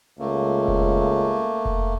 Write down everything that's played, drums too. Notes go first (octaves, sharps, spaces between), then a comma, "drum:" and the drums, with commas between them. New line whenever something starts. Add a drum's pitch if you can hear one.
C#2 A3 A#3
drum: kick F1
drum: kick F1